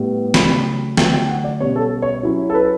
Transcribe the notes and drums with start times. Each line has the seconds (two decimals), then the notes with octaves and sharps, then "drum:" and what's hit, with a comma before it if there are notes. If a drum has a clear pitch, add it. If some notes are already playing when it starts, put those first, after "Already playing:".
Already playing: A2 G3 B3
0.34 C#3 F#3 A3 B5, drum: snare
0.97 D3 F#3 A3 G5, drum: snare
1.29 F#5
1.44 D5
1.60 B2 G3 C#4 C#5
1.76 A4
2.02 C#5
2.23 F#3 C#4 E4
2.50 A4
2.54 B4